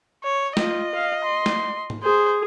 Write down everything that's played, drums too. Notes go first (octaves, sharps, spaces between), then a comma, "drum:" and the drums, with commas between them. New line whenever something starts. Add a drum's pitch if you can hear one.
C#5
F4 D#5, drum: snare
F5
C6
drum: snare
drum: tom
G#4 C5